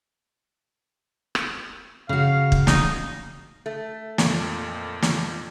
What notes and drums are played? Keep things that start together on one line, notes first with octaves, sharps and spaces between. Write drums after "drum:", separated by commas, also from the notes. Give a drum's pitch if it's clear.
drum: rim click
C#3 F#4 F5
drum: kick
D#4, drum: snare
A3
F2 A#2, drum: snare
drum: snare